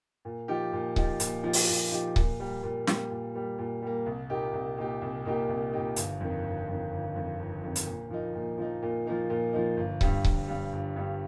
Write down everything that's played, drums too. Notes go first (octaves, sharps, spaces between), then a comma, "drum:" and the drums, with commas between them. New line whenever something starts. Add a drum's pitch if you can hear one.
A#2
F3 D#4 G4
A#2
F3 D#4 G4, drum: kick C#1
A#2, drum: hi-hat
F3 D#4 G4
drum: open hi-hat
A#2
F3 D#4 G4
A#2, drum: kick C#1
G3 A#3
A#2
G3 A#3, drum: snare
A#2
G3 A#3
A#2
G3 A#3
C2
A#2 A#3 D#4 G4
C2
A#2 A#3 D#4 G4
C2
A#2 A#3 D#4 G4
C2
A#2 A#3 D#4 G4
G1, drum: hi-hat
F2 D#3
G1
F2 D#3
G1
F2 D#3
G1
F2 D#3
drum: hi-hat
A#2
F3 A#3 D#4
A#2
F3 A#3 D#4
A#2
F3 A#3 D#4
A#2
F3 A#3 D#4
G1
G2 G3, drum: kick C#1
G1, drum: kick C#1
G2 G3
G1
G2 G3